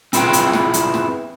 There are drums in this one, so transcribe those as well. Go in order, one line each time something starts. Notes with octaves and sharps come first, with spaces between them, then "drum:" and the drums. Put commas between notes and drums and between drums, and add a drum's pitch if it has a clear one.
C4 E4 F4 G#4 B4 G5, drum: hi-hat
drum: hi-hat
drum: snare
drum: hi-hat
drum: snare